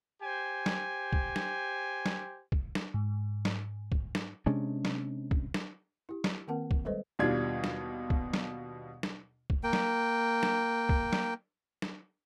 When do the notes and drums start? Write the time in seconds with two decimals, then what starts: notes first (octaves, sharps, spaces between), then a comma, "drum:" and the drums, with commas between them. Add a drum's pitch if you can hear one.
0.22 G4 C5 G#5
0.66 drum: snare
1.13 drum: kick
1.36 drum: snare
2.06 drum: snare
2.52 drum: kick
2.75 drum: snare
2.94 G#2
3.45 drum: snare
3.92 drum: kick
4.15 drum: snare
4.46 C3 G#3 C#4 D4
4.85 drum: snare
5.31 drum: kick
5.54 drum: snare
6.09 E4 G4
6.24 drum: snare
6.47 D#3 A#3 C4 A#4 F#5 A5
6.71 drum: kick
6.85 G3 G#3 A4 B4 C5 D#5
7.19 D#2 B2 G3 D4 F4 G#6
7.64 drum: snare
8.10 drum: kick
8.33 drum: snare
9.03 drum: snare
9.50 drum: kick
9.63 A#3 G5
9.73 drum: snare
10.43 drum: snare
10.89 drum: kick
11.13 drum: snare
11.82 drum: snare